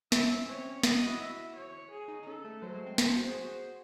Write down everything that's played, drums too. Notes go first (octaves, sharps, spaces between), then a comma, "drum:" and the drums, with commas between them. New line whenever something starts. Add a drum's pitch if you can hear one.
E4 E5, drum: snare
C#4
C4 C#5
C#4
C#4 D#5, drum: snare
F#4
E4
E5
C#5
G#4
D#4
D#4
C#4 A4
A3
F#3 C5
G#3
C4
C5, drum: snare
F#4
G#4
F#4